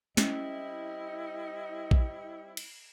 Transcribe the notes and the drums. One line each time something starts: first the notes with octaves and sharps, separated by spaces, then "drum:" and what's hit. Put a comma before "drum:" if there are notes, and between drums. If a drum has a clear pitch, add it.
G3 C4 C#4 E4 D#5, drum: snare
drum: kick A#1
drum: cymbal